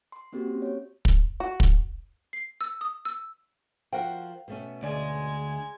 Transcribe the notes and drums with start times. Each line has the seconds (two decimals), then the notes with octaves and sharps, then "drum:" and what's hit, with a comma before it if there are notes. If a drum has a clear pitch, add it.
0.12 C6
0.33 A#3 C4 F#4 G4
0.47 C#4
0.62 C#5
1.05 drum: kick
1.40 F#4
1.60 drum: kick
2.33 C7
2.61 E6
2.81 D#6
3.05 E6
3.92 F3 F#4 A#4 F#5 G5
4.48 B2 A3 C#4
4.83 D2 G#3 D5 G#5